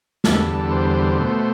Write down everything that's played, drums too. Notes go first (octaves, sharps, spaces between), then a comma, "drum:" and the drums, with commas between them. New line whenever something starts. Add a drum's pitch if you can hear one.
E2 D3 G3 A4, drum: snare
C5
B2 A3 C5